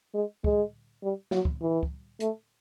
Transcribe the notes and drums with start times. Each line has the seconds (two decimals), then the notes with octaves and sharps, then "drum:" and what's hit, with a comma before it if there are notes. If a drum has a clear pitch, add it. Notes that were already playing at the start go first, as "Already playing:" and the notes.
0.14 G#3
0.44 G#3, drum: kick
1.03 G3
1.31 F#3, drum: snare
1.45 drum: kick
1.61 E3
1.83 drum: kick
2.20 A3, drum: hi-hat